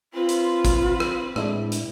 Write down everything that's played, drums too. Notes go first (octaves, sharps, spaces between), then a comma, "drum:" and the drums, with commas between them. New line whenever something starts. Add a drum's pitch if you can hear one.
C4 F4 B4
drum: hi-hat
drum: kick, hi-hat
drum: rim click
A2 G#3 D4 E4, drum: rim click
drum: hi-hat